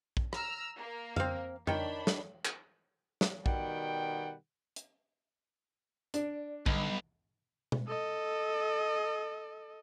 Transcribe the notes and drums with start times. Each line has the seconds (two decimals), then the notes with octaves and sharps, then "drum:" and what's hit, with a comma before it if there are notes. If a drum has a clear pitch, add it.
0.17 drum: kick A#1
0.33 A#5 E6 F6, drum: rim click
0.78 A#3
1.16 C4 F5, drum: tom F2
1.67 D#3 D4 C#5 G5 B5, drum: tom F2
2.07 drum: snare
2.45 drum: clap
3.21 drum: snare
3.46 B2 D#3 G3 F#5 G5, drum: kick A#1
4.76 drum: hi-hat
6.14 D4 D5, drum: hi-hat
6.66 B1 D3 G3 D#5 B5, drum: kick A#1
7.72 drum: tom B2
7.88 A4 D#5